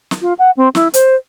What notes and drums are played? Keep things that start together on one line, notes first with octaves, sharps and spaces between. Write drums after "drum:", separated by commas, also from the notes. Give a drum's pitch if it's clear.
drum: snare
F4
F#5
C4
E4, drum: snare
C5, drum: hi-hat